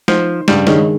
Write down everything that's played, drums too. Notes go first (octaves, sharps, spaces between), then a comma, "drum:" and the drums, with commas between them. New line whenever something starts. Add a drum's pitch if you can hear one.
F3 D#4 C5, drum: snare
G2 C#3 G3, drum: snare
D#3 G#3 D4 D#4 C#5 D#5, drum: snare